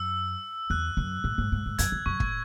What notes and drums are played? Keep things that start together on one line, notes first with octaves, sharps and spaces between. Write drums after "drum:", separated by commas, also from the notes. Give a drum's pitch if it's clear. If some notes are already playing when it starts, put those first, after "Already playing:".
Already playing: F#2 E6
E2 F#6
F#2
A2
G#2
G#2
G#2
F#2 G#6, drum: hi-hat
E2
F#2 C#6
A2, drum: kick